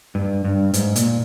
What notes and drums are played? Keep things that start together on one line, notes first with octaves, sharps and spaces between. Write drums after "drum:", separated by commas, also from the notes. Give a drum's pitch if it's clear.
G2
G2
G#2, drum: hi-hat
A#2, drum: hi-hat